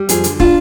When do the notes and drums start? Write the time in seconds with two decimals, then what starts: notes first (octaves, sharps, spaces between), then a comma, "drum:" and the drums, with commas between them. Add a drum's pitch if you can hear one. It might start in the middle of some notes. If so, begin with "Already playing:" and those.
Already playing: G3
0.09 F2 F4 G#4, drum: hi-hat
0.24 D3, drum: hi-hat
0.40 D4 F4, drum: kick